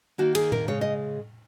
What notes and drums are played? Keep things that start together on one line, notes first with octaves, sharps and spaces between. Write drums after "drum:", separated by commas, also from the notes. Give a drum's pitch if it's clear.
D#3 A#3 F#4
G#4, drum: cymbal
A#4, drum: tom A2
C#3 G#3 C#5
D#5